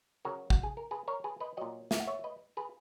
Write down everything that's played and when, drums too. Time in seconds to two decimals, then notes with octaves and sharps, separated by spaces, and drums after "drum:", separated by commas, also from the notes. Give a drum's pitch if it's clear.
0.25 C#3 F#3 F#4 A#4
0.50 F#4, drum: kick
0.63 G#4
0.77 A#4
0.91 G#4 B4
1.08 A#4 C#5
1.24 G#4 B4
1.40 B4 D#5
1.57 A#2 F#3 D#5 F#5
1.91 E5, drum: snare
2.00 F#5
2.07 C#5 E5
2.24 B4 D#5
2.57 G#4 B4